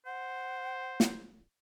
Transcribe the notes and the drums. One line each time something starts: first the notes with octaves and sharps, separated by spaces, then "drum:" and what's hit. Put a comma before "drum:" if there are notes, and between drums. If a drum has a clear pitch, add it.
C5 F#5
drum: snare